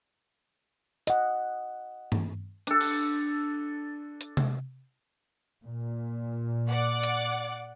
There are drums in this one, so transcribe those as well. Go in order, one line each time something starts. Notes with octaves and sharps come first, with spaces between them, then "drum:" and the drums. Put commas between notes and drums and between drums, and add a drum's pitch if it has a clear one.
D#5 F#5, drum: hi-hat
drum: tom
D4 A4, drum: hi-hat
drum: cymbal
drum: hi-hat
drum: tom C3
A#2
D5 F#5 D6
drum: hi-hat